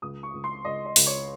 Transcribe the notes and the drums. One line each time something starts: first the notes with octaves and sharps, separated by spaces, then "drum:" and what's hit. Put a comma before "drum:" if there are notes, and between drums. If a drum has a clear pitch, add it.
C#2 D#6
C#6
C#2
C6
C#2 D#5
D#5
C#2, drum: open hi-hat
C#5